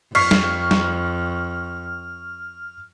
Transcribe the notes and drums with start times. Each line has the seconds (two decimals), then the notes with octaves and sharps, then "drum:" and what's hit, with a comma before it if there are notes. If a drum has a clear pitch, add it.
0.15 F2 C#6 F6 B6 C7, drum: cymbal
0.31 drum: snare
0.71 drum: snare